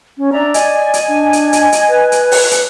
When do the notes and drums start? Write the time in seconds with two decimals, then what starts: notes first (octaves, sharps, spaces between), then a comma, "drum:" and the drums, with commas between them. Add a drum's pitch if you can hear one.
0.18 C#4
0.33 D4 D5 E5 A#5
0.54 D#5 G#5, drum: hi-hat
0.94 drum: hi-hat
1.08 D4
1.33 drum: hi-hat
1.53 drum: hi-hat
1.72 drum: hi-hat
1.89 B4
2.12 drum: hi-hat
2.32 drum: open hi-hat
2.51 drum: hi-hat